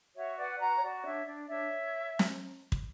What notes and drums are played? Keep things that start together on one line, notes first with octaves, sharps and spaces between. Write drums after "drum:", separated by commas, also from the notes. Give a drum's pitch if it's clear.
F#4 C#5 E5
B4 D5 F#5
F#4 F#5 A#5
C#5
F#4 D5
D4 C#5 E5
D4 D5
D4 C#5 E5
drum: snare
drum: kick